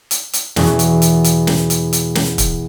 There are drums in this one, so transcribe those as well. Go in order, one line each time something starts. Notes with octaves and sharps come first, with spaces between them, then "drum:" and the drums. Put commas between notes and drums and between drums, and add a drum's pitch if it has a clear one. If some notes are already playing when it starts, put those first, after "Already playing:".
drum: hi-hat
drum: hi-hat
E2 B2 F#3, drum: snare
drum: hi-hat
drum: hi-hat
drum: hi-hat
drum: snare
drum: hi-hat
drum: hi-hat
drum: snare
drum: kick, hi-hat